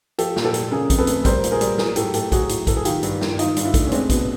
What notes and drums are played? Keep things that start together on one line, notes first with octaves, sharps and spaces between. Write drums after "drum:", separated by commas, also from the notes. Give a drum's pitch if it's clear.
F3 G4 A4, drum: hi-hat
A#2, drum: snare
G4 A4
A#2, drum: hi-hat
C#3 G#4 A#4
F2, drum: kick A#1, hi-hat
A4 B4
A3, drum: hi-hat
G3 A#4 C5, drum: kick A#1, hi-hat
A#2, drum: hi-hat
G#4 A#4
G3, drum: hi-hat
F#3 G#4 A#4, drum: snare
A2 G4 A4, drum: hi-hat
A2 G4 A4, drum: hi-hat
F#3 F#4 G#4, drum: kick A#1, hi-hat
A2, drum: hi-hat
A2 A4, drum: kick A#1, hi-hat
G#4
D#3 F4 G4, drum: hi-hat
G2, drum: hi-hat
G2, drum: snare
D#3 D#4 F4, drum: hi-hat
G2, drum: hi-hat
F4
D4 E4
A3, drum: kick A#1, hi-hat
C#4
G#3 C4 D4, drum: hi-hat
B2 B3, drum: kick A#1, hi-hat